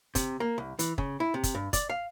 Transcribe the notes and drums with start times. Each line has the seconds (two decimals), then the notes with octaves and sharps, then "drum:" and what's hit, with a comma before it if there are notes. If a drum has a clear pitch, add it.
0.15 C3, drum: kick, hi-hat
0.40 A#3
0.58 C2
0.79 E3, drum: hi-hat
0.98 C#3, drum: kick
1.20 E4
1.34 C3
1.43 drum: kick, hi-hat
1.55 G2
1.73 D5, drum: kick, hi-hat
1.90 F5